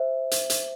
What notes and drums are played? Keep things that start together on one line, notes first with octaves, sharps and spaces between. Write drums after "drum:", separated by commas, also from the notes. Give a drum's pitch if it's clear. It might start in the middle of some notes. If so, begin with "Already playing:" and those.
Already playing: C5 E5
drum: hi-hat
drum: hi-hat